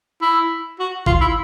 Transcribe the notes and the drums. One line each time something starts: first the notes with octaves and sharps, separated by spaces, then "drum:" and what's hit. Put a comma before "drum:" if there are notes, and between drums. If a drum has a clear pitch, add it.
E4
F#4
F4, drum: kick
E4